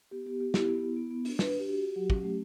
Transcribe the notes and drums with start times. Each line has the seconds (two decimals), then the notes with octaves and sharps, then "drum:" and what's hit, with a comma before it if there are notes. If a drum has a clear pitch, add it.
0.11 B3 G4
0.26 B3 G4
0.40 B3 G4
0.54 E4 G4, drum: snare
0.68 B3
0.82 E4
0.97 B3
1.10 B3
1.25 D4, drum: open hi-hat
1.39 D4 B4, drum: snare
1.53 D4
1.59 G4
1.67 F#4
1.82 F#4
1.96 F#3
2.10 C#4, drum: kick
2.23 A3